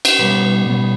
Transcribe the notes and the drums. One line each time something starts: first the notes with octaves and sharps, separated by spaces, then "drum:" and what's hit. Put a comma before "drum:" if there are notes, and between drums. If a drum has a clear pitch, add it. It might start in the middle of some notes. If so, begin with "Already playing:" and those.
drum: cymbal
B2 G3 B3 B4
B2 G3 B3